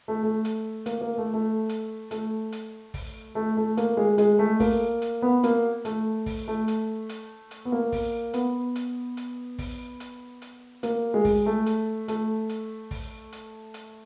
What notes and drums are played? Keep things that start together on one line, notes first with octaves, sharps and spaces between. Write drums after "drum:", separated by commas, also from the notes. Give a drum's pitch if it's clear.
A3
A3
drum: hi-hat
A#3, drum: hi-hat
A#3
A3
A3
drum: hi-hat
A3, drum: hi-hat
drum: hi-hat
drum: kick, open hi-hat
A3
A3
A#3, drum: hi-hat
G#3
G#3, drum: hi-hat
A3
A#3, drum: kick, open hi-hat
drum: hi-hat
B3
A#3, drum: hi-hat
A3, drum: hi-hat
drum: kick, open hi-hat
A3
drum: hi-hat
drum: hi-hat
drum: hi-hat
B3
A#3
drum: kick, open hi-hat
B3, drum: hi-hat
drum: hi-hat
drum: hi-hat
drum: kick, open hi-hat
drum: hi-hat
drum: hi-hat
A#3, drum: hi-hat
G#3
drum: kick, open hi-hat
A3
drum: hi-hat
A3, drum: hi-hat
drum: hi-hat
drum: kick, open hi-hat
drum: hi-hat
drum: hi-hat